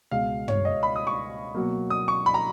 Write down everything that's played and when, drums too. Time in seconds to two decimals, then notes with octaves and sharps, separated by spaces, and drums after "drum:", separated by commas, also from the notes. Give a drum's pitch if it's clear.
0.11 C#2 B2 G#3 F5
0.48 C#5, drum: tom
0.65 D#5
0.83 B5
0.96 D#6
1.07 C#6
1.55 B2 F#3 A#3
1.90 D#6
2.08 C#6
2.26 B5
2.34 A#5